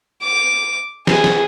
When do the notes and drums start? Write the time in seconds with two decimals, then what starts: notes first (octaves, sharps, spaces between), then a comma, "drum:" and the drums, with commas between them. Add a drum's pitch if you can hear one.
0.23 D6
1.07 G#4, drum: snare
1.24 drum: snare